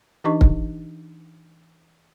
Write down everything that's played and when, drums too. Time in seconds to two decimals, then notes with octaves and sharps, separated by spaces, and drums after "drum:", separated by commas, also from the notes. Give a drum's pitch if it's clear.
0.24 E3 D4 D#4 G4 D#5 C#6
0.41 drum: kick